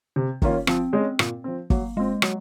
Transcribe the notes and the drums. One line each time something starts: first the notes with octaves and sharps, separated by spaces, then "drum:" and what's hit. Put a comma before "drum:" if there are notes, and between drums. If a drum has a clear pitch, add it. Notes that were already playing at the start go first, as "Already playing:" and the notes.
C3
D#3 A#3 C#4 F4, drum: kick
F3 C4, drum: rim click
G#3 C#4 G#4 D#5
A#2, drum: rim click
F3 C4
F#3 A#3, drum: kick
G#3 C4 F4
F#3, drum: rim click